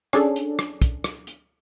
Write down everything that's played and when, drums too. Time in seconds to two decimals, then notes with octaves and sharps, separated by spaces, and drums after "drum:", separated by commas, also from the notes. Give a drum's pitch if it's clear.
0.13 C#4 D4 G#4 A4, drum: rim click
0.36 drum: hi-hat
0.59 drum: rim click
0.82 drum: kick, hi-hat
1.04 drum: rim click
1.27 drum: hi-hat